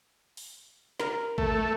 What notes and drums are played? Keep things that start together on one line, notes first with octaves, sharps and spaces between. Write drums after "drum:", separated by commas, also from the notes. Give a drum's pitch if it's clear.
drum: open hi-hat
A#4, drum: snare
A3, drum: kick A1